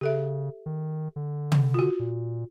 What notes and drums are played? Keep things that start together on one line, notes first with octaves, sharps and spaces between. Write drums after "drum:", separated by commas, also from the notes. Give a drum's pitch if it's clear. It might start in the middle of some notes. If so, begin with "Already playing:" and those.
C#3 G4 A4 E5
D#3
D3
drum: tom
F4 F#4
A#2